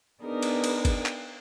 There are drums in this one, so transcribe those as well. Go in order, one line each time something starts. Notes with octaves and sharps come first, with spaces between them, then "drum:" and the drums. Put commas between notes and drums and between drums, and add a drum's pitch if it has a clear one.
B3 D4 D#4 G#4 A#4 B4
drum: cymbal
drum: cymbal
drum: kick G1, cymbal
drum: clap